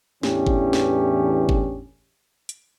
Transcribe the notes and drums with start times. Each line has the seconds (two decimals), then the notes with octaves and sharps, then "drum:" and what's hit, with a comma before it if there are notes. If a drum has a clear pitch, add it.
0.23 E2 A2 E3 C#4 D4 G4, drum: snare
0.47 drum: kick G1
0.73 drum: snare
1.49 drum: kick G1
2.49 drum: hi-hat